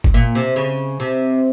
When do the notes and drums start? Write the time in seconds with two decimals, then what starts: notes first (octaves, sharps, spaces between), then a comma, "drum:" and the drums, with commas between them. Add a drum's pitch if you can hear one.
0.04 drum: kick G1
0.14 A#2
0.35 C3
0.56 C#3
1.00 C3